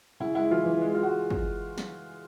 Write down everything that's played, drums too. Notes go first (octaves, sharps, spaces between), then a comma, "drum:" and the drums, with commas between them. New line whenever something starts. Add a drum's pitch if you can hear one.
C#3 E4
G#3 E4
E3 F4
E3
G#3
G#3 F4
F#4
drum: kick
drum: snare